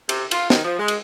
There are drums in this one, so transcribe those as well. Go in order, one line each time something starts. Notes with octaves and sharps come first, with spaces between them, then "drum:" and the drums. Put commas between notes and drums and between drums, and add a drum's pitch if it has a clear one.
C3, drum: cymbal
F4, drum: cymbal
D#3, drum: snare
F3
G#3
drum: cymbal